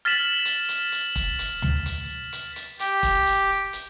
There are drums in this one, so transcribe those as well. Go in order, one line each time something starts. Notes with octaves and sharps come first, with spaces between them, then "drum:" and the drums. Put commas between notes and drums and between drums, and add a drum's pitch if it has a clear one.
F6 A6 B6 E7 F#7
drum: hi-hat
drum: hi-hat
drum: hi-hat
drum: kick E1, hi-hat
drum: hi-hat
drum: tom
drum: hi-hat
drum: hi-hat
drum: hi-hat
G4, drum: hi-hat
drum: kick E1, hi-hat
drum: hi-hat
drum: hi-hat